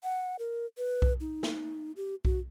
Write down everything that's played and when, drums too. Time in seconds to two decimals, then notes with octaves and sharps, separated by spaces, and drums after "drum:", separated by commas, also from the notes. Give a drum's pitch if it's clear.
0.03 F#5
0.39 A#4
0.78 B4
1.02 drum: kick B1
1.20 D#4
1.43 drum: snare
1.97 G4
2.25 F#4, drum: kick B1